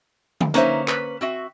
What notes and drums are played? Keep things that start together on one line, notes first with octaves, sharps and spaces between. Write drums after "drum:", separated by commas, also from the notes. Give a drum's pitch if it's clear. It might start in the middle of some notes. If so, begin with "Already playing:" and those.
drum: tom D3
A#3 C#4 D#4 B4 C5 E5, drum: hi-hat
B4, drum: clap
C4 F#4 E5